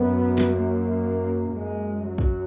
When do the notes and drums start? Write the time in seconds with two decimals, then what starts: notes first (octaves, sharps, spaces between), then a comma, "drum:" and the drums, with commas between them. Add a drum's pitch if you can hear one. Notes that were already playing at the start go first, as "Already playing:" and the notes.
Already playing: F#2 B3
0.38 drum: snare
0.49 A#3
1.54 F#2 G#3
2.07 F#3
2.18 drum: kick